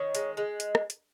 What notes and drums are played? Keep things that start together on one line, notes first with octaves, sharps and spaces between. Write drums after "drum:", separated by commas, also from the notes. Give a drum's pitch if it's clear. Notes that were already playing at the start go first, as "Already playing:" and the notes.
Already playing: D#3 C#5
G#3, drum: hi-hat
G#3
drum: hi-hat
drum: rim click
drum: hi-hat